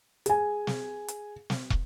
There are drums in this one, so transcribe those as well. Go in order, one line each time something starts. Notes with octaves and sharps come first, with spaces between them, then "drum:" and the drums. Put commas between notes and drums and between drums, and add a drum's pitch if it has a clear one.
G#4 G#5, drum: hi-hat
drum: snare
drum: hi-hat
drum: snare
drum: kick